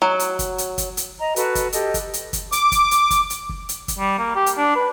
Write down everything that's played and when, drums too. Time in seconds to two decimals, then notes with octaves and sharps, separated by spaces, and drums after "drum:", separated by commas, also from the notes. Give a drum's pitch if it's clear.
0.02 F#3
0.20 drum: hi-hat
0.39 drum: kick, hi-hat
0.58 drum: hi-hat
0.78 drum: kick, hi-hat
0.97 drum: hi-hat
1.20 D#5 A#5
1.36 F#4 A4 B4, drum: hi-hat
1.55 drum: kick, hi-hat
1.73 G4 A4 D#5, drum: hi-hat
1.94 drum: kick, hi-hat
2.14 drum: hi-hat
2.33 drum: kick, hi-hat
2.52 D6, drum: hi-hat
2.72 drum: kick, hi-hat
2.91 drum: hi-hat
3.11 drum: kick, hi-hat
3.30 drum: hi-hat
3.49 drum: kick
3.69 drum: hi-hat
3.88 drum: kick, hi-hat
3.99 G3
4.18 A#3
4.36 G4
4.46 drum: hi-hat
4.57 D4
4.76 B4